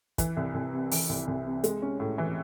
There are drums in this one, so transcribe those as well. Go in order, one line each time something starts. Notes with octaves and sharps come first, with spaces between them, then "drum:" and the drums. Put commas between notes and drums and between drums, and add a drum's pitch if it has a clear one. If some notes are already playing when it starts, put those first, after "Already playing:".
E3, drum: kick, hi-hat
C2
C2
C3
E3, drum: open hi-hat
C2
C2
C3
G#3, drum: hi-hat
C#4
A2
E3